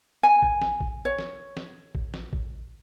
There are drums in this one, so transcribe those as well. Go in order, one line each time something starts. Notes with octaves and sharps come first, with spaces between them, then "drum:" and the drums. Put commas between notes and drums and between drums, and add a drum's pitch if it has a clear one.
G#5
drum: kick A1
drum: snare
drum: kick A1
C#5
drum: snare
drum: snare
drum: kick A1
drum: snare
drum: kick A1